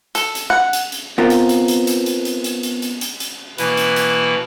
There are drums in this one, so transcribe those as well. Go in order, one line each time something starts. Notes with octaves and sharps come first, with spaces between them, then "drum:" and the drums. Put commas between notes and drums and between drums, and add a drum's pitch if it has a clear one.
A4, drum: hi-hat
drum: hi-hat
F#5
drum: hi-hat
drum: hi-hat
B3 C4 F4 A#4
drum: hi-hat
drum: hi-hat
drum: hi-hat
drum: hi-hat
drum: hi-hat
drum: hi-hat
drum: hi-hat
drum: hi-hat
drum: hi-hat
drum: hi-hat
drum: hi-hat
B2 E3 A#3 E4 B4, drum: hi-hat
drum: hi-hat
drum: hi-hat